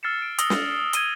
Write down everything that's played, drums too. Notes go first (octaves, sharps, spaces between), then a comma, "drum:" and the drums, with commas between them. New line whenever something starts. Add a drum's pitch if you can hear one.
E6 F6 A6 C7 C#7 E7
D7
D#6 E6 A#6 G7, drum: hi-hat
drum: snare
C7
G#6 D#7 G7, drum: hi-hat